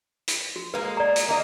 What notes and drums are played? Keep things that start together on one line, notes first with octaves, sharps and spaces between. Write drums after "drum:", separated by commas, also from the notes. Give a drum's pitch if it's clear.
drum: hi-hat
F#4
G#3 A#3 B4
D5 A#5
drum: hi-hat
A#3 D#5